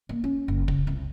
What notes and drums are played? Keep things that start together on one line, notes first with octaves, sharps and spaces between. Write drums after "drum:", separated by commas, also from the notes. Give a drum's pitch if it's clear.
A#3
C#4
F#1
C#3, drum: kick
C2